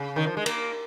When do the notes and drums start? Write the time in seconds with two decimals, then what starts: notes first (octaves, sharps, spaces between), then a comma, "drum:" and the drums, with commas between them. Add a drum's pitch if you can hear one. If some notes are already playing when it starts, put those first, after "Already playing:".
Already playing: C#3
0.16 D#3
0.27 F3
0.37 G#3
0.46 A#3, drum: cymbal